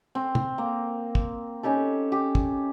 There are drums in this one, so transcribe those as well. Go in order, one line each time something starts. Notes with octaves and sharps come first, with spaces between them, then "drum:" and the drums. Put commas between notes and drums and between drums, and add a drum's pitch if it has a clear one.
C4
drum: tom
A#3
drum: kick
C#4 D#4 G4 A4
G4
drum: kick